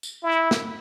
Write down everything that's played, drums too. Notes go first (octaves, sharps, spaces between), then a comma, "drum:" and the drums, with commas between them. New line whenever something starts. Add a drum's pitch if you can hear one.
drum: tambourine
E4
drum: snare